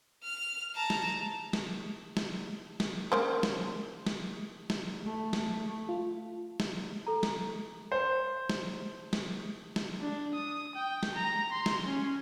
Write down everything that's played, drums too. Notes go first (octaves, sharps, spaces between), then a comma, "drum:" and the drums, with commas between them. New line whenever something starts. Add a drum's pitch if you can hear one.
F6
A5 A#5
drum: snare
drum: snare
drum: snare
drum: snare
C#3 A#3 C5
drum: snare
drum: snare
drum: snare
A3
drum: snare
F4
drum: snare
A4 A#5
drum: snare
C5
drum: snare
drum: snare
drum: snare
D4
D#6
G5
drum: snare
A#5
C6
drum: snare
C#4